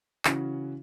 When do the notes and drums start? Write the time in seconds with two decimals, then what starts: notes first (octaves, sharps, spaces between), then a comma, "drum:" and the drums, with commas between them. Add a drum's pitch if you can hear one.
0.25 C#3 E3 C#4 F#4, drum: clap